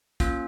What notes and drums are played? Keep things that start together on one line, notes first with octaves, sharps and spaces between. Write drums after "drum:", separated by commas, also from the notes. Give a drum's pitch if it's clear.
A#3 C#4 F4, drum: kick, hi-hat